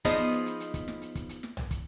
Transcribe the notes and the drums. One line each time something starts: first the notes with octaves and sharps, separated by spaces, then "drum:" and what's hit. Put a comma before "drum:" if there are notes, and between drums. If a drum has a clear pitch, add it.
F3 B3 D#4 G#4 C5 D#5, drum: kick, hi-hat
drum: hi-hat
drum: hi-hat
drum: hi-hat
drum: hi-hat
drum: kick, hi-hat
drum: snare
drum: hi-hat
drum: kick, hi-hat
drum: hi-hat
drum: snare
drum: tom B1
drum: kick, hi-hat